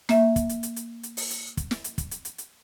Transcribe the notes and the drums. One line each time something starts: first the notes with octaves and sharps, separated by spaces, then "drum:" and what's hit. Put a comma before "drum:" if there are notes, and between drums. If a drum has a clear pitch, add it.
A#3 E5, drum: snare
drum: kick, hi-hat
drum: hi-hat
drum: hi-hat
drum: hi-hat
drum: hi-hat
drum: open hi-hat
drum: hi-hat
drum: kick, hi-hat
drum: snare
drum: hi-hat
drum: kick, hi-hat
drum: hi-hat
drum: hi-hat
drum: hi-hat